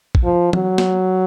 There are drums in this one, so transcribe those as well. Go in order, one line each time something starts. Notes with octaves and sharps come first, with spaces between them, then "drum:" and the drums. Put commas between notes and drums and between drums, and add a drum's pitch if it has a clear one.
drum: kick
F3
F#3, drum: tom E3
drum: snare